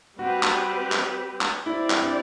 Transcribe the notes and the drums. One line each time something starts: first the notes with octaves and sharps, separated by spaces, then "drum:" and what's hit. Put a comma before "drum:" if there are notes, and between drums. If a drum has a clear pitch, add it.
G3 C4 F#4 G4 B4
drum: clap
drum: clap
drum: clap
C4 E4 G4 D5
drum: clap
D4